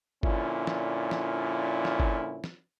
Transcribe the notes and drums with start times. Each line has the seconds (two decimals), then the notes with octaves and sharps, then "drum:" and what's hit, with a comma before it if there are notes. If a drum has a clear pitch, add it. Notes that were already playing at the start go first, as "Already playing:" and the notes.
0.23 A#2 D3 F3 C#4 E4, drum: kick G1
0.67 drum: snare
1.11 drum: snare
1.85 drum: snare
2.00 drum: kick G1
2.44 drum: snare